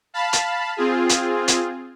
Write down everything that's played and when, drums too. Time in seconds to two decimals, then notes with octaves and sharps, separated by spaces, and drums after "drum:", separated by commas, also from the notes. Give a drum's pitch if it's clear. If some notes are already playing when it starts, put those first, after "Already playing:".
0.14 F5 A5 B5
0.33 drum: hi-hat
0.77 C4 F4 G#4
1.09 drum: hi-hat
1.48 drum: hi-hat